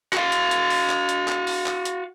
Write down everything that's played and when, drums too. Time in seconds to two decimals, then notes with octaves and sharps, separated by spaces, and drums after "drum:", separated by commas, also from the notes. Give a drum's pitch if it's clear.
0.13 F#4 F5, drum: clap
0.32 drum: hi-hat
0.51 drum: hi-hat
0.70 drum: open hi-hat
0.90 drum: clap
1.09 drum: hi-hat
1.28 drum: clap
1.47 drum: open hi-hat
1.66 drum: clap
1.85 drum: hi-hat